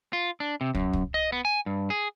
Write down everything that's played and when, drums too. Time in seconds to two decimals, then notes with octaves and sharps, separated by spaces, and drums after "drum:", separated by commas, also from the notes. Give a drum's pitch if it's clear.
0.13 F4
0.40 D4
0.61 C3
0.75 F#2, drum: kick
0.93 drum: kick
1.14 D#5
1.32 B3
1.45 G#5
1.66 G2
1.90 G#4